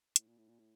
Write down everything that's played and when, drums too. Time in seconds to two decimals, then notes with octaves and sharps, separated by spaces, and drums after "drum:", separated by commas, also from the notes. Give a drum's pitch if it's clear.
0.16 A2, drum: hi-hat
0.27 A#2
0.37 A2
0.48 A#2
0.59 A2